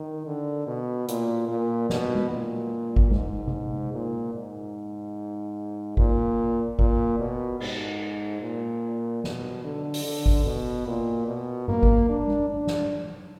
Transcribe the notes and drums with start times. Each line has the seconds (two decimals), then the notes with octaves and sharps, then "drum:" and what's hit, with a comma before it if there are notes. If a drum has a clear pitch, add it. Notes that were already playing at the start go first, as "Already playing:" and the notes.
Already playing: D#3
0.26 D3
0.67 B2
1.08 A#2, drum: hi-hat
1.48 A#2
1.90 B2, drum: snare
2.15 drum: tom G#3
2.30 A#2
2.96 drum: kick
3.11 G#2, drum: tom G#3
3.47 drum: tom C3
3.93 A#2
4.33 G#2
5.97 A#2, drum: kick
6.79 A#2, drum: kick
7.19 B2
7.60 G#2, drum: cymbal
8.41 A#2
9.24 B2, drum: snare
9.64 D3
9.94 drum: open hi-hat
10.05 D3
10.26 drum: kick
10.46 B2
10.87 A#2
11.27 B2
11.68 A#3, drum: tom G#2
11.83 drum: kick
12.09 D4
12.28 drum: tom G#3
12.50 D4
12.67 drum: snare